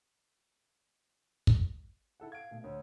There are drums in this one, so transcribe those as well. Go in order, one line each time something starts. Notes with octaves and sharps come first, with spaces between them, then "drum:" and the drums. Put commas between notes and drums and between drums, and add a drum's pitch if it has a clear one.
drum: kick
E4 A4 F#5
F5 G#6 D7
B2 A3
D2 C#5